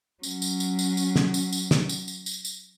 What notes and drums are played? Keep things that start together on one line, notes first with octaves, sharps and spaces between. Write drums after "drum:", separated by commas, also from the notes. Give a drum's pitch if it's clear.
F#3 C#4, drum: tambourine
drum: tambourine
drum: tambourine
drum: tambourine
drum: tambourine
drum: snare
drum: tambourine
drum: tambourine
drum: snare
drum: tambourine
drum: tambourine
drum: tambourine
drum: tambourine